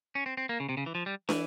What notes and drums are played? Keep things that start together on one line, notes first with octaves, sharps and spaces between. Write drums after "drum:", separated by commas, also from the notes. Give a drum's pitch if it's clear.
C#4
C4
C4
A#3
C#3
C3
C#3
E3
F3
G3
E3, drum: snare